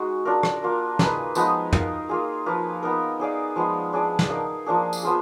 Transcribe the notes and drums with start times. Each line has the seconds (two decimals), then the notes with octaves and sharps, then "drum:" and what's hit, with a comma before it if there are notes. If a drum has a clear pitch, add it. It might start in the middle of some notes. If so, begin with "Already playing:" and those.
Already playing: G#3 D#4 F#4 G#4
0.25 D4 F4 A#4
0.43 drum: rim click
0.63 A#3 F4 A#4
0.99 A#3 D#4 G#4 B4, drum: snare
1.35 F3 G#3 B3 D#4, drum: tambourine
1.73 D#4 A#4 F5, drum: tom
2.09 A#3 F4 G#4
2.46 F3 A#3 F4 B4
2.83 B3 D#4 A#4
3.19 D#4 G#4 D5 F5
3.56 F3 G#3 B3
3.93 D4 G#4 D5
4.19 drum: snare
4.30 D#4 A#4 F5
4.66 F3 A#3 D4 G#4
4.93 drum: tambourine
5.03 F3 B3 F4 G#4